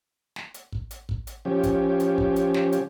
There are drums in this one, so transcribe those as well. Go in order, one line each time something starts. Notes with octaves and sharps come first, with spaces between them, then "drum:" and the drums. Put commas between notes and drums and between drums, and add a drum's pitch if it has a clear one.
drum: snare
drum: hi-hat
drum: kick
drum: hi-hat
drum: kick
drum: hi-hat
F3 C#4 G4
drum: kick, hi-hat
drum: hi-hat
drum: kick
drum: hi-hat
drum: snare
drum: hi-hat